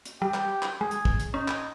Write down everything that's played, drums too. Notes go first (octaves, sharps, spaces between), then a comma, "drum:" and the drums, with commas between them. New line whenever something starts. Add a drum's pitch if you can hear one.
drum: hi-hat
G3 G4
drum: clap
drum: clap
G#3 G#4
drum: hi-hat
drum: kick
drum: hi-hat
C#4 D#4
drum: clap